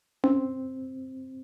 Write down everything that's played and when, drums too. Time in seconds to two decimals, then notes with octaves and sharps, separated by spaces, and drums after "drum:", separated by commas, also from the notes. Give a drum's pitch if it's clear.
0.24 C4, drum: tom C#4